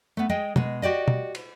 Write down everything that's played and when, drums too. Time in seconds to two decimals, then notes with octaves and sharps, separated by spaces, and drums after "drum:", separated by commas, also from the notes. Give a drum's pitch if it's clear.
0.17 A3 B3
0.29 G#3 G#4 D#5 G5
0.56 B2 G#3, drum: tom B2
0.82 F#4 G4 D5 D#5
1.08 drum: tom B2
1.35 drum: cymbal